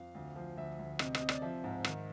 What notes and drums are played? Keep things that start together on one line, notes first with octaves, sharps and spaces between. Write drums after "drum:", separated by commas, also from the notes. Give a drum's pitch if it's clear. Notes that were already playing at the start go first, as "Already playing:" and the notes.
Already playing: F2 F5
D2
F3
D2 E5
D2
C3 D#5, drum: rim click
D#5, drum: rim click
C3
D5, drum: rim click
F3 E5
G#2
D#3, drum: rim click